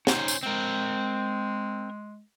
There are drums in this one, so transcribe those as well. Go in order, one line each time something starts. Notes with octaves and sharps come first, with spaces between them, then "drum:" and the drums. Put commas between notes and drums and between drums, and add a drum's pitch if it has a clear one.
C#4 D#4 C5, drum: snare
drum: tambourine
G#3 C4 A#4